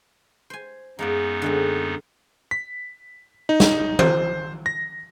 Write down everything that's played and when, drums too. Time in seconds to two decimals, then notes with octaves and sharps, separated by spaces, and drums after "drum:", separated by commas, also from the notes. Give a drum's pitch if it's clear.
0.50 C5 G#5
0.99 F#2 G#3 A#3 B3 D#4 D5
1.42 D3 G#3 C4
2.51 B6
3.49 D#4
3.60 drum: snare
3.99 C5, drum: tom D#3
4.66 A#6